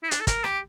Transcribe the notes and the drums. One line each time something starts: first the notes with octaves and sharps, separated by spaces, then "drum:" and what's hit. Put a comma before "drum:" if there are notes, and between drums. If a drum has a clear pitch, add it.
E4
D4, drum: hi-hat
A4
A#4, drum: kick, hi-hat
G4, drum: rim click